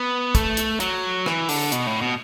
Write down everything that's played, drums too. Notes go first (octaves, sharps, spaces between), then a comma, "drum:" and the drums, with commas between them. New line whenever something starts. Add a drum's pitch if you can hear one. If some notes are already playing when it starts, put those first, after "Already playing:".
Already playing: B3
A3, drum: kick, hi-hat
drum: hi-hat
F#3, drum: hi-hat
E3, drum: rim click
D3, drum: open hi-hat
B2, drum: hi-hat
A2
B2